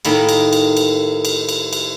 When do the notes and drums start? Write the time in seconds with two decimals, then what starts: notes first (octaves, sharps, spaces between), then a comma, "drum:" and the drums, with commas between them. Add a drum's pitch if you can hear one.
0.05 A2 D#3 A#3 D#4 G#4 B5, drum: cymbal
0.29 drum: cymbal
0.53 drum: cymbal
0.77 drum: cymbal
1.25 drum: cymbal
1.49 drum: cymbal
1.73 drum: cymbal